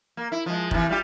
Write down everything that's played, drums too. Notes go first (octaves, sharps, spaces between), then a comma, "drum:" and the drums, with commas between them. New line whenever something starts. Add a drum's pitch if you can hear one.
A#3
E4
F3 G#3
C3 E3, drum: kick
G3 F4 G4